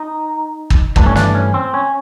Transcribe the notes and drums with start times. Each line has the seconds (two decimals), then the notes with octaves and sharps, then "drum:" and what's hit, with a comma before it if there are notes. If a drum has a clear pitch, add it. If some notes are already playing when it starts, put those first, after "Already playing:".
Already playing: D#4
0.70 drum: kick
0.96 G2 E3 A3 D4, drum: kick
1.06 C#4
1.16 D4, drum: snare
1.35 C#4
1.54 C4
1.74 C#4